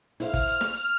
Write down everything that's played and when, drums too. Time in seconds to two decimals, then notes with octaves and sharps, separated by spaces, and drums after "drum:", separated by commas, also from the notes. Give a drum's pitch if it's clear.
0.20 E4 C5 F5 F6, drum: hi-hat
0.34 drum: kick, hi-hat
0.47 drum: hi-hat
0.61 drum: snare
0.74 drum: hi-hat